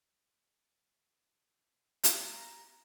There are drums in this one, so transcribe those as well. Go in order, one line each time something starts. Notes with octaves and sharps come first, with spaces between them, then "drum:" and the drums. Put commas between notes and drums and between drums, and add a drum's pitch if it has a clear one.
drum: hi-hat
A#5